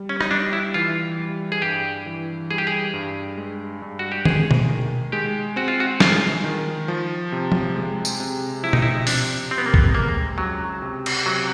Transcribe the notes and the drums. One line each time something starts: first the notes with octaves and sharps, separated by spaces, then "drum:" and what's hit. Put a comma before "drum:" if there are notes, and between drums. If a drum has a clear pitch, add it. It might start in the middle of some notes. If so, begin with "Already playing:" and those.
Already playing: G3
C#4
D#4, drum: rim click
G3 D4
E4
E3 F4
G3
G#4
G2 G4
E3
G3 G#4
G4
G#4
G2
G#3
G2
F#4
G4
G#3 G#4, drum: tom D#3
drum: tom B2
D#3
G#3 G4
C4 F#4
F4
F#4
G#3 F4, drum: snare
D#3
F3
C3
drum: tom F3
G#3
drum: tambourine
C3
F3 E4
D#4, drum: tom B2
E4
C3 D4, drum: open hi-hat
C3 C4
B3
A#3
B3, drum: kick C#2
G#3 A#3
C#2 F#3
C3
drum: cymbal
C3 F#3